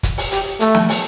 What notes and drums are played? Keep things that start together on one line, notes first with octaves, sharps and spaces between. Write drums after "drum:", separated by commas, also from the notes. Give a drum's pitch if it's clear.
drum: kick, hi-hat
drum: open hi-hat
G4, drum: hi-hat
A3, drum: hi-hat
drum: snare
drum: open hi-hat